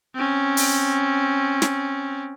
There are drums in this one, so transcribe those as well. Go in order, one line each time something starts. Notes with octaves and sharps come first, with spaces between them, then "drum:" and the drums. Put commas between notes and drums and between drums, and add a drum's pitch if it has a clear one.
C4 C#4
drum: open hi-hat
drum: snare